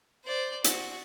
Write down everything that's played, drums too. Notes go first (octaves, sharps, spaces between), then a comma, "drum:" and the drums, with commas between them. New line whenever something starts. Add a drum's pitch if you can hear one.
C5 D5
F#4, drum: hi-hat